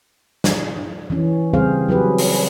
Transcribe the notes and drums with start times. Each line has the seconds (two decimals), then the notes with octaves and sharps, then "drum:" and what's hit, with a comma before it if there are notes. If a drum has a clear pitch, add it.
0.44 drum: snare
1.10 E3 C#4
1.53 C#3 G3 C4 G#4 C5 F5
1.89 F#3 G4 G#4 B4
2.18 drum: open hi-hat